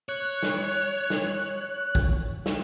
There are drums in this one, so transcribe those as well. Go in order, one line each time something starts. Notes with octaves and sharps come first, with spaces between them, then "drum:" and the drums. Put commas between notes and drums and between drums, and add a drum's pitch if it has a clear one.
C#5 F#6
drum: snare
drum: snare
drum: kick
drum: snare